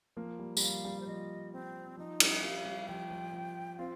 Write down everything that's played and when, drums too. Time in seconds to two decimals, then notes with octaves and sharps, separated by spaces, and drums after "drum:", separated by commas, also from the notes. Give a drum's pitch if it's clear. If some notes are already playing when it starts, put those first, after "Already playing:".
0.17 F3 A#3
0.39 G3
0.57 G3, drum: tambourine
0.61 F3 F5
0.85 G3
1.00 C5
1.07 F3 D#5
1.53 C4
1.97 F3 D#4
2.20 G3, drum: cymbal
2.43 G3 F5
2.65 G3
2.88 F3 G5
3.11 F3
3.33 F3
3.79 C4 F4 F5